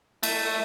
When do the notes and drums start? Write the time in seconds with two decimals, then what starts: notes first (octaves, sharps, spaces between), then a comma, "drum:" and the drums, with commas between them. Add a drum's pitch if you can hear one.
0.23 A3, drum: cymbal